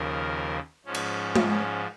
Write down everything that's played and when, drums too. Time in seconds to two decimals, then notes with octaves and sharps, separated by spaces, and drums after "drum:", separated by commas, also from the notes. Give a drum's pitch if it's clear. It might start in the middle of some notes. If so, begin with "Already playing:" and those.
Already playing: D#2 C#3 F3 A#4
0.85 G#2 F3 C#4
0.95 drum: cymbal
1.35 drum: tom G#3
1.48 C#4